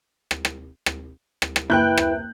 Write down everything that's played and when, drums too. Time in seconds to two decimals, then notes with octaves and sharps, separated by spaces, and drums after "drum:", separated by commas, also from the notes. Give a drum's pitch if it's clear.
0.31 drum: rim click
0.45 drum: rim click
0.86 drum: rim click
1.42 drum: rim click
1.56 drum: rim click
1.70 F#1 E4 B4 G5 F#6 G6
1.98 drum: rim click